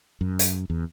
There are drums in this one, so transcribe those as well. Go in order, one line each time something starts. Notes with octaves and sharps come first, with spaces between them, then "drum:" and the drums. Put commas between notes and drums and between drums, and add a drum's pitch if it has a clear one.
F#2
drum: hi-hat
E2